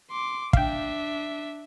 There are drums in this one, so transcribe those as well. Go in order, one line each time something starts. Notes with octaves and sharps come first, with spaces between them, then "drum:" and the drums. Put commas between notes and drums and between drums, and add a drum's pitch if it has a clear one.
C6 D6
D4 E5 F5 G5, drum: kick